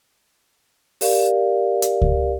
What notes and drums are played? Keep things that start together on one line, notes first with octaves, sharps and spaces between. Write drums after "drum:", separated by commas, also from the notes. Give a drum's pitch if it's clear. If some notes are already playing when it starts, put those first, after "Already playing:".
G4 A#4 D5 F5, drum: open hi-hat
drum: hi-hat
drum: kick C#2